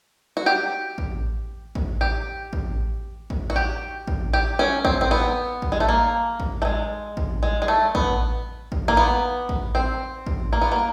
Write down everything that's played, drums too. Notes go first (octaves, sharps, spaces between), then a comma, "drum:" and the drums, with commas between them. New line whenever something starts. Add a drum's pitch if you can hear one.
F#4
G4
drum: kick A1
drum: kick A1
G4
drum: kick A1
drum: kick A1
F#4
G4
drum: kick A1
G4
C#4
C4, drum: kick A1
C4
B3
drum: kick A1
G#3
A3
A#3
drum: kick A1
A3
G#3
drum: kick A1
G#3
G#3
A3
B3, drum: kick A1
drum: kick A1
A#3
B3
drum: kick A1
C4
drum: kick A1
A#3
B3
A#3